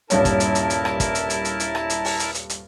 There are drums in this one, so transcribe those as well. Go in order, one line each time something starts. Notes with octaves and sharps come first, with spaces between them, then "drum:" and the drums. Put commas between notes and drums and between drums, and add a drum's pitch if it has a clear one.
D#1 G2 E4 A#4 C#5 A5, drum: hi-hat
drum: kick, hi-hat
drum: hi-hat
drum: hi-hat
drum: hi-hat
drum: rim click
drum: kick, hi-hat
drum: hi-hat
drum: hi-hat
drum: hi-hat
drum: hi-hat
drum: rim click
drum: hi-hat
drum: open hi-hat
drum: hi-hat
drum: hi-hat
drum: hi-hat